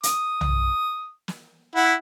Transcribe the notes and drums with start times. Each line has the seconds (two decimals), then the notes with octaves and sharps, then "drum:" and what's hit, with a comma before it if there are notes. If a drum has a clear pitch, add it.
0.03 D#6, drum: hi-hat
0.41 drum: tom
1.28 drum: snare
1.75 E4 F#5